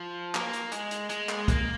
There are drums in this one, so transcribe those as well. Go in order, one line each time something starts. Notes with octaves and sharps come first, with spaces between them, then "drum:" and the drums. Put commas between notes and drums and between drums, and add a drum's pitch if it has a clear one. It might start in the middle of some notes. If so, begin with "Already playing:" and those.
Already playing: F3
A#3, drum: clap
drum: hi-hat
G#3, drum: hi-hat
drum: hi-hat
G#3, drum: hi-hat
drum: clap
A#3, drum: kick, hi-hat